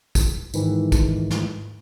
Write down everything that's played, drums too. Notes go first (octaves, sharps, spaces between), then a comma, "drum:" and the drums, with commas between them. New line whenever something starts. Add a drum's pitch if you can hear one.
drum: kick, tambourine
G#2 D#3 E3, drum: tambourine
drum: kick, tambourine
drum: snare